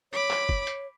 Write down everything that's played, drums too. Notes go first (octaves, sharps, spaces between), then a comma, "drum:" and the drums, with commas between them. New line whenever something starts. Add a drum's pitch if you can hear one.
C#5 B5 D6
drum: clap
drum: kick
drum: hi-hat